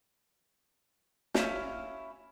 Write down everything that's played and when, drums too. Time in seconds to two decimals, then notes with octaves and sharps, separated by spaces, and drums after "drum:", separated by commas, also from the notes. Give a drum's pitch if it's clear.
1.35 C#4 E4 F5 G6, drum: snare